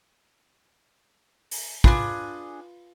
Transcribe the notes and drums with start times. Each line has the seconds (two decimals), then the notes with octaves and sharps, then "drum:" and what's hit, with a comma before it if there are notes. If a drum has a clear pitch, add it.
1.51 drum: open hi-hat
1.84 D4 F4 G#4 B4, drum: kick